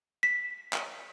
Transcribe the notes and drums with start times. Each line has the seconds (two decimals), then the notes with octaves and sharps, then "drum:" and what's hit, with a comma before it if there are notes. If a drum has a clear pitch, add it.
0.23 B6
0.73 drum: clap